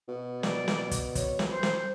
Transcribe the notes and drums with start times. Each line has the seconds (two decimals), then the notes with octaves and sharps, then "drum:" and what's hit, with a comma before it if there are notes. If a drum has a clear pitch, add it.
0.08 B2
0.43 D5, drum: snare
0.68 drum: snare
0.91 drum: kick, hi-hat
1.15 C#5, drum: kick, hi-hat
1.39 drum: snare
1.51 C5
1.63 drum: snare